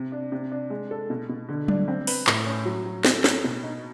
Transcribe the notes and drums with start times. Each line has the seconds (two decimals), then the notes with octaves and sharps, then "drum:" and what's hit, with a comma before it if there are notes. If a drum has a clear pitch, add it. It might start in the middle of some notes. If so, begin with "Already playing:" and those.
Already playing: C3
0.12 D4
0.32 C3
0.52 D4
0.70 G#3
0.91 A4
1.10 B2
1.29 B2
1.49 D3
1.68 D4, drum: tom F#3
1.88 C4
2.07 B4, drum: open hi-hat
2.27 A2, drum: clap
2.46 C#4
2.65 F#3
2.86 F#3
3.05 C4, drum: snare
3.24 C#5, drum: snare
3.44 B2
3.63 D#4